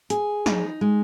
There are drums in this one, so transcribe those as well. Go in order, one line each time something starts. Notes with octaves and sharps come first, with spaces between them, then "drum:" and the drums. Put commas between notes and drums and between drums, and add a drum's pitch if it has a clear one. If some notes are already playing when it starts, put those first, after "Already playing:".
G#4, drum: hi-hat
D#4, drum: snare
G#3